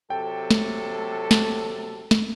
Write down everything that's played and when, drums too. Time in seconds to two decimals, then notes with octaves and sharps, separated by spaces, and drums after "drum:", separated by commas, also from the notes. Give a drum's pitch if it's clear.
0.10 C3 F#3 A4 G5
0.51 drum: snare
1.31 drum: snare
2.11 drum: snare